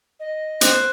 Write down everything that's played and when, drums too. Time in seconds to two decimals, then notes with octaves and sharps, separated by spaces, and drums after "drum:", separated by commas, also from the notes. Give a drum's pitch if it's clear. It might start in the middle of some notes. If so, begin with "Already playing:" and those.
0.20 D#5
0.61 C5 F#6, drum: hi-hat